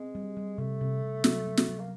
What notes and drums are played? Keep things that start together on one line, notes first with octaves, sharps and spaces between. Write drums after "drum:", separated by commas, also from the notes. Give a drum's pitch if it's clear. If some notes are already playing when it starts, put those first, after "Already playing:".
Already playing: G#3 C4
G3
G3
C3 A3
C3
C3
F#3, drum: snare
B3
drum: snare
F#3
A#3